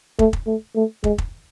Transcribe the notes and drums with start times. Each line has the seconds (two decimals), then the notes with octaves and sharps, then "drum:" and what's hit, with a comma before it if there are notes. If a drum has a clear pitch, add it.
0.19 A3, drum: kick
0.33 drum: kick
0.47 A3
0.76 A3
1.04 G#3, drum: kick
1.18 drum: kick